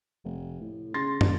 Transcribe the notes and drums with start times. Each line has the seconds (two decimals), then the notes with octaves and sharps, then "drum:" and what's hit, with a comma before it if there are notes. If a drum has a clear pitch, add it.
0.25 F1
0.61 A2
0.94 C#3 C6 A6 A#6
1.21 C#2, drum: tom